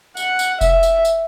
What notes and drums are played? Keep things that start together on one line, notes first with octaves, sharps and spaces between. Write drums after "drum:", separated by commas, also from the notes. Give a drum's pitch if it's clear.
F#5, drum: tambourine
drum: tambourine
E5, drum: kick F1, tambourine
drum: tambourine
drum: tambourine